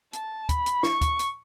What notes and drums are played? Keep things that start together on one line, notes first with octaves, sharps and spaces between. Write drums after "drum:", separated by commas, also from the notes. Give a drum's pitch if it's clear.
A5, drum: hi-hat
B5, drum: kick, hi-hat
drum: hi-hat
C#6, drum: snare
drum: kick, hi-hat
drum: hi-hat